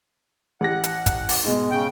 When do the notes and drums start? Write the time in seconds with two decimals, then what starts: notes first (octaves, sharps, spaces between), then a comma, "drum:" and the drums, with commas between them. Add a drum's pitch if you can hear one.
0.61 A1 G4 F#5 A#6
0.84 drum: hi-hat
1.06 drum: kick, hi-hat
1.29 drum: open hi-hat
1.44 G#2 B2 G#3
1.71 C#3 G5